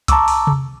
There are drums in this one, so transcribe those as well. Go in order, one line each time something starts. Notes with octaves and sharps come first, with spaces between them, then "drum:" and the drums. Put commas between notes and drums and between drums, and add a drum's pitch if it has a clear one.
A5 A#5 C#6 D6 E6, drum: kick C2, hi-hat
drum: open hi-hat
drum: tom C3